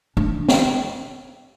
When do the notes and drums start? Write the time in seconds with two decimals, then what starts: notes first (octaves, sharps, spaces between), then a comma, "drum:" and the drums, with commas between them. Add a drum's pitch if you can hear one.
0.17 D4
0.49 drum: snare